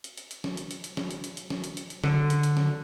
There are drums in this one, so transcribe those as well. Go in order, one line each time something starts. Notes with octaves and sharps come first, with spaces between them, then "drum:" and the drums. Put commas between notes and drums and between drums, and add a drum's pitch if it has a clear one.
drum: hi-hat
drum: hi-hat
drum: hi-hat
drum: snare
drum: hi-hat
drum: hi-hat
drum: hi-hat
drum: snare
drum: hi-hat
drum: hi-hat
drum: hi-hat
drum: snare
drum: hi-hat
drum: hi-hat
drum: hi-hat
D3, drum: snare
drum: hi-hat
drum: hi-hat
drum: snare